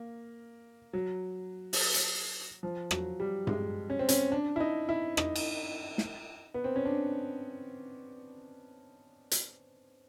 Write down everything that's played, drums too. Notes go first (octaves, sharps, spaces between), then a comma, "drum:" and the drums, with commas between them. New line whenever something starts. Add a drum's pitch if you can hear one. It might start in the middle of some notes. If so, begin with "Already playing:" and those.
Already playing: A#3
F#3
drum: open hi-hat
drum: hi-hat
F3
F#3, drum: rim click
G3
G#3, drum: tom G2
C#4
C4
C#4, drum: hi-hat
D4
E4
D#4
E4
D#4, drum: rim click
drum: cymbal
drum: snare
B3
C4
C#4
D4
drum: hi-hat